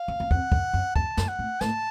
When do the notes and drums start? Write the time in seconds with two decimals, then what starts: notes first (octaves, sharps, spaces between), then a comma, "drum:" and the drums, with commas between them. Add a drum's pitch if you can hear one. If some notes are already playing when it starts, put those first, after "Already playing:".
Already playing: F5
0.08 F#2
0.20 F#2
0.31 F2 F#5, drum: kick
0.52 F#2, drum: kick
0.73 F#2
0.96 F#2 A5, drum: kick
1.17 F#2, drum: snare
1.28 F#5
1.39 A2
1.61 A2 A5, drum: snare